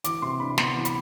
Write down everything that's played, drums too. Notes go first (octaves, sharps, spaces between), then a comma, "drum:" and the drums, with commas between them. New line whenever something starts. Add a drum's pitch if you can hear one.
E3 D6, drum: hi-hat
C3 C6
D4 B5
B3 C6, drum: snare
E3
B5, drum: hi-hat